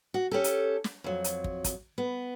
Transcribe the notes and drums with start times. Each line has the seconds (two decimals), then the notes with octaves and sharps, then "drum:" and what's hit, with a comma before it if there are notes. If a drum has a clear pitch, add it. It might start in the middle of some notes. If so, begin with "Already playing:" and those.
0.14 F#4
0.31 C#4 G4 A4
0.44 drum: hi-hat
0.84 drum: snare
1.04 F2 F#3
1.24 drum: hi-hat
1.44 drum: kick
1.64 drum: kick, hi-hat
1.98 B3